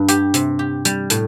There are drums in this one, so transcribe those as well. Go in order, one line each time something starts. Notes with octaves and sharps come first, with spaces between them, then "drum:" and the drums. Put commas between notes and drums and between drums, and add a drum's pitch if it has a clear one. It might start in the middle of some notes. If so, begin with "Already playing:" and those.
Already playing: G2 D4
G4, drum: hi-hat
C3, drum: hi-hat
G4
G3, drum: hi-hat
A2, drum: hi-hat